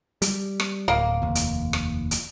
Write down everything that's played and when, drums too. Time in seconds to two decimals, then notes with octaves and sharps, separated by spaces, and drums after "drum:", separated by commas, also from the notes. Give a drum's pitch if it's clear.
0.22 G3, drum: hi-hat
0.60 drum: rim click
0.88 D1 A#3
1.22 F1 D#2
1.35 drum: hi-hat
1.73 drum: rim click
2.11 drum: hi-hat